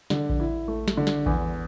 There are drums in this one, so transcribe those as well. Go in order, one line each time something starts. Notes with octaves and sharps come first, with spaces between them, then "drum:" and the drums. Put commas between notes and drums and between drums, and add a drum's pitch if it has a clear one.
D3, drum: snare
drum: kick A#1
E4
A3
drum: snare
D3
drum: snare
E2, drum: kick A#1